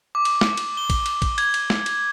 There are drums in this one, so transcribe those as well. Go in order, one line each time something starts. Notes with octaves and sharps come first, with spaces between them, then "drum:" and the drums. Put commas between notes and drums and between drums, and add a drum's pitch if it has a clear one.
D6
drum: cymbal
drum: snare
drum: cymbal
G7
drum: kick, cymbal
drum: cymbal
drum: kick, cymbal
G#6, drum: cymbal
drum: cymbal
drum: snare
drum: cymbal